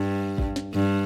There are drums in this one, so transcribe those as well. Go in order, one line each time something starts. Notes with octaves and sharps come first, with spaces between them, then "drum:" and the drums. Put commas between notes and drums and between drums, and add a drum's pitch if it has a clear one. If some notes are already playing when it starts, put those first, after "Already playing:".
Already playing: G2
drum: kick
drum: snare
G2